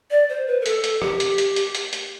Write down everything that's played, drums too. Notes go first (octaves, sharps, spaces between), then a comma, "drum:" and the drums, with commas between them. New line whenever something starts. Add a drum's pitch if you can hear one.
D5
C5
B4
A#4
A4, drum: hi-hat
drum: hi-hat
G4, drum: rim click
drum: hi-hat
drum: hi-hat
drum: hi-hat
drum: hi-hat
drum: hi-hat